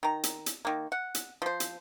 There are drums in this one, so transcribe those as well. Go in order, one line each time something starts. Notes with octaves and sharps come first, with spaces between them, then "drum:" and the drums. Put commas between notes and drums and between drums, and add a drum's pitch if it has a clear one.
D#3 A#5
drum: hi-hat
drum: hi-hat
D#3 A#3
F#5
drum: hi-hat
F3 C5
drum: hi-hat